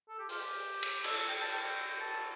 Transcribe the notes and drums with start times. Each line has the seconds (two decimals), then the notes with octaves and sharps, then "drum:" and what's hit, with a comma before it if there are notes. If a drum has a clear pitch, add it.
0.09 A4
0.19 G4
0.29 F4, drum: open hi-hat
0.39 G4
0.83 drum: cymbal
1.04 A4, drum: cymbal
1.28 G5
1.41 A5
1.52 G5
2.00 A5